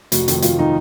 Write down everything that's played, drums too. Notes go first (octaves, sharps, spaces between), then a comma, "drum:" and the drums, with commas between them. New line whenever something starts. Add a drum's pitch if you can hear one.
F1 F#4, drum: hi-hat
F2 D#3, drum: hi-hat
F1 F4, drum: hi-hat
D#3 D#4